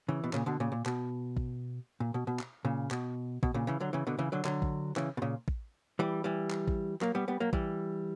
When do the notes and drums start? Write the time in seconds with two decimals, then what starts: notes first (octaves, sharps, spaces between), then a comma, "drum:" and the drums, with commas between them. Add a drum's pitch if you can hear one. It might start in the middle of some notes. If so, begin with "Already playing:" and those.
0.08 C#3 E3
0.24 B2
0.33 A#2 C#3, drum: clap
0.46 B2 D3
0.60 A#2 C#3
0.72 A#2
0.86 B2, drum: clap
1.37 drum: kick A1
2.00 A#2
2.14 B2
2.27 B2
2.39 drum: clap
2.65 A#2 C#3
2.91 B2, drum: clap
3.43 B2, drum: kick A1
3.54 A#2 C#3
3.67 C#3 E3
3.80 D3 F#3
3.93 C#3 E3
4.07 B2 D3
4.19 C#3 E3
4.32 D3 F#3
4.45 D3 F#3, drum: clap
4.62 drum: kick A1
4.96 C#3 E3, drum: clap
5.17 B2
5.22 A#2 C#3
5.48 drum: kick A1
5.99 E3 G3
6.24 E3 G3
6.50 drum: clap
6.68 drum: kick A1
7.01 F#3 A#3, drum: clap
7.15 G3 B3
7.28 G3 B3
7.40 F#3 A#3
7.53 E3 G3, drum: kick A1